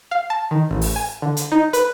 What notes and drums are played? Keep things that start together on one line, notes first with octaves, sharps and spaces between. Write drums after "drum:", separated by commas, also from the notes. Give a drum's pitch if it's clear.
F5
A5
D#3
A1
drum: open hi-hat
G#5
D3
drum: hi-hat
D#4
B4, drum: hi-hat